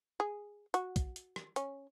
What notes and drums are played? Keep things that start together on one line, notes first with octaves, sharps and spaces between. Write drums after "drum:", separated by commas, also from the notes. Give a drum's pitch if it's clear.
G#4
F#4, drum: hi-hat
drum: kick, hi-hat
drum: hi-hat
drum: rim click
C#4, drum: hi-hat